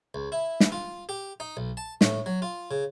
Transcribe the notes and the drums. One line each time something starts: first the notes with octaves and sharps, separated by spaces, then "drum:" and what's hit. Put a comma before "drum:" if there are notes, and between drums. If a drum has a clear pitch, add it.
C#2
E4
drum: snare
F4
G4
D#4
B1
A5
A2, drum: snare
F#3
F4
C#3